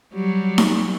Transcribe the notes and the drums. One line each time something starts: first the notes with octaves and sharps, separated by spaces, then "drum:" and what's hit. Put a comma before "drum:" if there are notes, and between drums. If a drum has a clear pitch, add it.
F#3 G3
drum: snare D#4